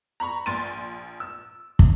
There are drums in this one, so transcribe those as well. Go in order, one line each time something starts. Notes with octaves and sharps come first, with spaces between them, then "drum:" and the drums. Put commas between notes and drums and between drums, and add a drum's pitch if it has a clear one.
A#5 B5 C#6
A#1 C6 A6 D#7
E6
drum: kick